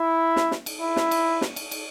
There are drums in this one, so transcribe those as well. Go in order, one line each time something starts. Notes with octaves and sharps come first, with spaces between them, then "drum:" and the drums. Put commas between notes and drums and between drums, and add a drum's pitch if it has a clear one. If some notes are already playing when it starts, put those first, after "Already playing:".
Already playing: E4
drum: snare
drum: snare
drum: cymbal
E4
drum: snare
drum: cymbal
drum: snare
drum: cymbal
drum: cymbal